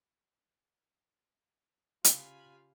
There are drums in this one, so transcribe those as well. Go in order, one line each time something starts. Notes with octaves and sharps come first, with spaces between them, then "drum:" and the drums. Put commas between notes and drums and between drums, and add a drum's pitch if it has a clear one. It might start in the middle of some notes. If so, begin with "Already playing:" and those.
C#3 F4 G4 F5 G#5 B5, drum: hi-hat